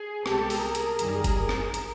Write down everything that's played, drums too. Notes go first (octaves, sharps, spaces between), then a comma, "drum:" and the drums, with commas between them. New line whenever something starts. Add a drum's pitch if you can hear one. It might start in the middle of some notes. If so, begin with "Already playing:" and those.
Already playing: G#4
C2 B2 G#3 G4 A4, drum: rim click
drum: open hi-hat
G#4 A#4
drum: hi-hat
F#2 D#3 G3, drum: hi-hat
drum: kick G1, hi-hat
drum: rim click
drum: hi-hat